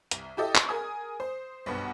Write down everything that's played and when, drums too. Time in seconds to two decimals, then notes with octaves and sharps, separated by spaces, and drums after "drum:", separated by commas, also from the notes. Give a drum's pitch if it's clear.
0.11 C2, drum: hi-hat
0.37 E4 G4 A4 D#5
0.55 drum: clap
0.69 G#4 A#4 G#5 D#6
1.20 C5
1.66 B1 G2 B3 F#5